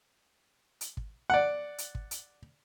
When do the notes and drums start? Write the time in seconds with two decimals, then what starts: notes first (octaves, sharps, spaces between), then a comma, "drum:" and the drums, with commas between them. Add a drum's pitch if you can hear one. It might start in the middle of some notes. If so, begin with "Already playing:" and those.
0.81 drum: hi-hat
0.97 drum: kick
1.30 D5 F#5
1.78 drum: hi-hat
1.95 drum: kick
2.11 drum: hi-hat